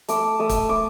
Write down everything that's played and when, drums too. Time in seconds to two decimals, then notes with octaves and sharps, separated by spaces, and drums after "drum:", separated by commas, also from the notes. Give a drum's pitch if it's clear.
0.08 A3 D6, drum: hi-hat
0.39 A3 D#6
0.49 drum: kick, hi-hat
0.69 A3 D6